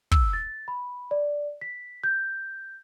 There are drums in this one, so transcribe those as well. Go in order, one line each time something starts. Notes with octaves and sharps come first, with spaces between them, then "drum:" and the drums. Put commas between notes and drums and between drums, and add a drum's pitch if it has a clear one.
E6, drum: kick
A6
B5
D5
B6
G6